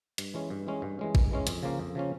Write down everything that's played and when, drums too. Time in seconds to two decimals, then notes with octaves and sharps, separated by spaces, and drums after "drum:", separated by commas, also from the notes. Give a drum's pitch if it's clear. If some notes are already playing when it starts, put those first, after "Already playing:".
0.18 G2, drum: hi-hat
0.34 E3 G#3 C#4
0.50 G2
0.67 E3 G#3 C#4
0.82 G2
0.99 E3 G#3 C#4
1.15 G2, drum: kick A1
1.31 E3 G#3 C#4
1.47 F2, drum: hi-hat
1.63 C#3 F3 A#3 C#4
1.79 F2
1.95 C#3 F3 A#3 C#4